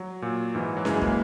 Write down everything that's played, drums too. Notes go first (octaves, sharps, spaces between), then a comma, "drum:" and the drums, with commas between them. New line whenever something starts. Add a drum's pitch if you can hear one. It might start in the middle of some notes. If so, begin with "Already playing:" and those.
Already playing: F#3
A#2
G#2 E3
F#3
F#2 C#3 E3 G#3, drum: snare C#4
A#3, drum: kick